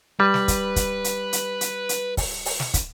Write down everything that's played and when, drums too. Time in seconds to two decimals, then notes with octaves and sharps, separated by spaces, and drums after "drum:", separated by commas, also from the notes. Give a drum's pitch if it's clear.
0.20 G3 B4
0.34 drum: snare
0.48 drum: kick, hi-hat
0.76 drum: kick, hi-hat
1.04 drum: hi-hat
1.33 drum: hi-hat
1.61 drum: hi-hat
1.89 drum: hi-hat
2.17 drum: kick, open hi-hat
2.46 drum: open hi-hat
2.60 drum: snare
2.74 drum: kick, hi-hat